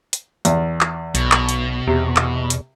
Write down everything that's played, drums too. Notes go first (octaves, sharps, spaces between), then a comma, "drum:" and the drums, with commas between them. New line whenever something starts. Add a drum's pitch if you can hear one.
drum: hi-hat
E2, drum: hi-hat
drum: clap
B1 B2, drum: hi-hat
drum: clap
drum: hi-hat
E2 C3
drum: clap
drum: hi-hat